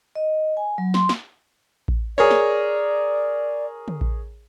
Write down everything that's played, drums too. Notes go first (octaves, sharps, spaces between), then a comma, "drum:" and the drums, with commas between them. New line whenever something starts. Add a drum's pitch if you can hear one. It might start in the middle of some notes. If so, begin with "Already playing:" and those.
D#5
G#5
F#3
C6, drum: snare
drum: snare
drum: kick A1
G#4 A#4 C#5 D5
drum: snare
drum: tom
drum: kick A1